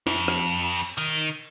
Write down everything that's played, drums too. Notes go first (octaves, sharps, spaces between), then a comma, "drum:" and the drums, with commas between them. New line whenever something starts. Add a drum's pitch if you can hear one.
F2, drum: snare
drum: rim click
drum: cymbal
D#3, drum: hi-hat